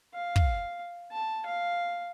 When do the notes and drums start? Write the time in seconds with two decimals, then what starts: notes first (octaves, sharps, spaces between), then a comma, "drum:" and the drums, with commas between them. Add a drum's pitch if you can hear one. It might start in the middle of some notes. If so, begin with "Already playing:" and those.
0.15 F5
0.36 drum: kick
1.12 A5
1.46 F5